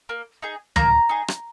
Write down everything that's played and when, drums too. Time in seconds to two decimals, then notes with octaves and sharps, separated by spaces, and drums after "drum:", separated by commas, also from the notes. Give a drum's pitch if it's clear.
0.09 A#3
0.42 D#4 G#4
0.76 A#3 A#5, drum: tom
1.09 D#4 G#4
1.28 drum: rim click